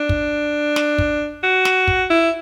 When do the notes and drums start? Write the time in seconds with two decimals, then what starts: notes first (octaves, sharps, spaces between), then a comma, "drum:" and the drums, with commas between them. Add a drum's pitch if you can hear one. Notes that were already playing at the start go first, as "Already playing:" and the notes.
Already playing: D4
0.09 drum: kick
0.76 drum: snare
0.98 drum: kick
1.43 F#4
1.65 drum: snare
1.88 drum: kick
2.10 E4